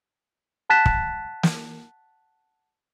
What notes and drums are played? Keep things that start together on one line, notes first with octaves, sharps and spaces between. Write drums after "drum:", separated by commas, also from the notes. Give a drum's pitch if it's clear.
F#5 A5 F#6 A6 B6 E7
drum: kick
drum: snare